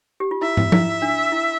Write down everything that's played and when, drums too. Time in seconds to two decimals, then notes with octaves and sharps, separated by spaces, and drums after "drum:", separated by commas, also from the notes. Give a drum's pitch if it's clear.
0.20 G4
0.31 F4
0.42 E4 E5
0.57 drum: tom
0.72 E4, drum: tom F3
1.02 D4
1.32 E4